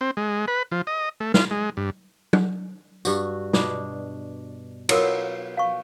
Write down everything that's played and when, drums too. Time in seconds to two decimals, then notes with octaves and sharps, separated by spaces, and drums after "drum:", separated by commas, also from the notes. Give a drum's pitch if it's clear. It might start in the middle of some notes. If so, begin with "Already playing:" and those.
0.01 C4
0.17 G#3
0.48 B4
0.72 F3
0.87 D#5
1.20 A3
1.34 F4, drum: snare
1.51 G#3
1.77 G2
2.33 drum: tom
3.05 G2 F#4, drum: tambourine
3.53 B2 D4 F4, drum: snare
4.89 F#3 B3 E4 F4 A#4 E6, drum: cymbal
5.57 F5 C#6